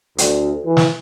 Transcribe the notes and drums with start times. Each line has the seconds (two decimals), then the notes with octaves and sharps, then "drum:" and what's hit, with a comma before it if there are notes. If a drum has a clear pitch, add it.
0.18 D2, drum: hi-hat
0.65 E3
0.77 drum: snare